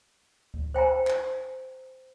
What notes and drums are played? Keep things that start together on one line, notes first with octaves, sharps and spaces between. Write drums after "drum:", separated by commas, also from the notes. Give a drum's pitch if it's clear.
drum: kick D2
C5 G5 G#5 A#5
drum: clap